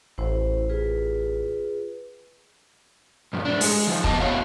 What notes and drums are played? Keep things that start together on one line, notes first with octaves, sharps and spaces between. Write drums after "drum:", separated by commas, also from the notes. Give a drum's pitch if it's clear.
A1 E4 C5
F4 G#4 B4
G2 A#2 F3
A2 D4
G#3, drum: open hi-hat
D#3 F3
B3 G4 D#5 A5, drum: kick
B3 E4 F#4 C#5 F5